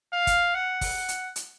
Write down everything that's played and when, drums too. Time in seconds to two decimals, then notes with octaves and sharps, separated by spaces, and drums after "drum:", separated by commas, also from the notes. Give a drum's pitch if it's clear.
0.13 F5
0.27 drum: kick, hi-hat
0.55 F#5
0.81 drum: kick, open hi-hat
1.08 drum: hi-hat
1.36 drum: hi-hat